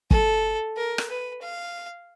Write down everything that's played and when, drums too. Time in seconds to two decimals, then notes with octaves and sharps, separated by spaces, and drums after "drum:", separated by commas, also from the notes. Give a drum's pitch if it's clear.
0.11 A4, drum: kick
0.76 A#4
0.98 drum: rim click
1.10 B4
1.42 F5